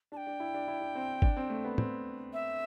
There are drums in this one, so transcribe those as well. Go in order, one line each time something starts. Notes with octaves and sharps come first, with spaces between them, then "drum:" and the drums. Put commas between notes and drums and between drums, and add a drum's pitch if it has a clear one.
D4 A5
G5
D4
E4
D4
E4
D4
C4
D4, drum: kick G1
C4
A3
B3
C4, drum: tom
E5